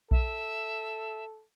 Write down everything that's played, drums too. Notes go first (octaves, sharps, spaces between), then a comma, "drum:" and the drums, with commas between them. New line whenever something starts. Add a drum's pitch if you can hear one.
A4 E5, drum: kick A#1